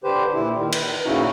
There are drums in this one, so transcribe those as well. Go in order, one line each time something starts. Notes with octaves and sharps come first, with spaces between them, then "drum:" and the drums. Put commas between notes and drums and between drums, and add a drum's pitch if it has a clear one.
D3 G4 B4 C5
A#2 E4
D#3
B4, drum: cymbal
A#2 C#3 C#4 D#4 E4 F#4